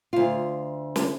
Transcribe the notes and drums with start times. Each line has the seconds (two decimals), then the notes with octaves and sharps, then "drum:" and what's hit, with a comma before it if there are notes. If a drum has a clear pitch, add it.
0.13 D2 F4
0.96 drum: snare